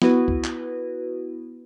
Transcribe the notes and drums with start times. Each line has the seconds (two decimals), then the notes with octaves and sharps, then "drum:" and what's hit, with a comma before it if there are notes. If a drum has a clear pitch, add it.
0.02 B3 E4 F#4 B4, drum: snare
0.28 drum: kick
0.44 drum: clap